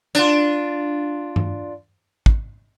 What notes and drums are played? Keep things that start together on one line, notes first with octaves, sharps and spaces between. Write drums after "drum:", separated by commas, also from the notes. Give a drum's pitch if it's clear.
D4 F4, drum: hi-hat
drum: tom G2
drum: kick